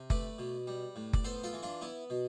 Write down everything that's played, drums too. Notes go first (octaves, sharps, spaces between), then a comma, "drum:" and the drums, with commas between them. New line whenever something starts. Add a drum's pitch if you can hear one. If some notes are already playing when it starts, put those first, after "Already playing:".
Already playing: C3
A3 B4 D5, drum: kick F#1
B2
G3
A2
D5, drum: kick F#1
B3 A4 C5
F4 A4
E3
D4 F4
B3 E4
B2